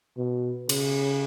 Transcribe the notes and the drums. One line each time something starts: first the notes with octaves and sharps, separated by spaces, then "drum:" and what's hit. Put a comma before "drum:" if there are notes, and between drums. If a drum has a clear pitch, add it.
B2
C#3, drum: cymbal